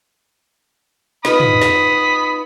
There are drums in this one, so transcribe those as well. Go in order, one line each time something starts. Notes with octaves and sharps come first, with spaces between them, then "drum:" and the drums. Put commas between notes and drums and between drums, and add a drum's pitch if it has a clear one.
D#4 F4 B4 B5 D#6, drum: snare
drum: tom
drum: snare